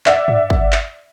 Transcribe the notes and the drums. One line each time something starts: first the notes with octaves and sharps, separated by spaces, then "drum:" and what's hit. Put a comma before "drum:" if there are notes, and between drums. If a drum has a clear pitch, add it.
D5 E5 F#5, drum: clap
drum: tom
drum: kick
drum: clap